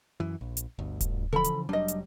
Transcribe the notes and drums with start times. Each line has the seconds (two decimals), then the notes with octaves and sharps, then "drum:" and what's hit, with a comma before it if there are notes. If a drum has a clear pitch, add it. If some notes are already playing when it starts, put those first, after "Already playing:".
0.20 F#2 E3
0.41 A#1
0.57 drum: hi-hat
0.79 G1 D2
1.01 drum: kick D#1, hi-hat
1.33 C#3 E3 F3 A4 B5
1.44 drum: hi-hat
1.69 F1 F#3 G3 D4 D#5
1.88 drum: hi-hat